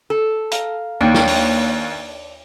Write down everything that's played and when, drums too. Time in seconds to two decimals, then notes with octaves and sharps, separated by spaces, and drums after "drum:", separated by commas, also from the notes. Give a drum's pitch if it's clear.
0.10 A4
0.51 F5 A#5, drum: hi-hat
1.01 D#2 D4 C#5 G5 C6
1.14 drum: snare
1.27 drum: open hi-hat